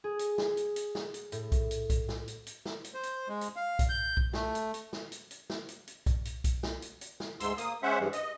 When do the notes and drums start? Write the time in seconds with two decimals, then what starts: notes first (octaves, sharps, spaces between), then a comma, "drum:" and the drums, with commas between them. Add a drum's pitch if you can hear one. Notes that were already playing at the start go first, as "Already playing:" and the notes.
0.04 G#4
0.19 drum: hi-hat
0.38 drum: snare
0.57 drum: hi-hat
0.76 drum: hi-hat
0.95 drum: snare
1.14 drum: hi-hat
1.32 A2, drum: hi-hat
1.52 drum: kick B1, hi-hat
1.71 drum: hi-hat
1.90 drum: kick B1, hi-hat
2.09 drum: snare
2.28 drum: hi-hat
2.47 drum: hi-hat
2.65 drum: snare
2.84 drum: hi-hat
2.94 C5
3.03 drum: hi-hat
3.29 G#3
3.41 drum: hi-hat
3.56 F5
3.79 drum: kick B1, hi-hat
3.89 G6
4.17 drum: kick B1
4.33 A3, drum: snare
4.55 drum: hi-hat
4.74 drum: hi-hat
4.93 drum: snare
5.12 drum: hi-hat
5.31 drum: hi-hat
5.50 drum: snare
5.69 drum: hi-hat
5.87 drum: hi-hat
6.06 drum: kick B1, hi-hat
6.25 drum: hi-hat
6.44 drum: kick B1, hi-hat
6.63 drum: snare
6.82 drum: hi-hat
7.01 drum: hi-hat
7.20 drum: snare
7.40 D2 G#2 C6 E6, drum: hi-hat
7.58 A#3 D#6, drum: hi-hat
7.83 G#3 C#4 C5 E5 F#5
8.00 G2 E3 G3 G#3
8.13 D#5, drum: hi-hat